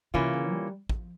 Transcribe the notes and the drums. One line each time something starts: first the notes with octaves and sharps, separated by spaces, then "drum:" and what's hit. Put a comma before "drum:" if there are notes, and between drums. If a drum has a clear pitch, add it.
C3 E3 A#3 C#4 F4
C#3
G3
F3, drum: kick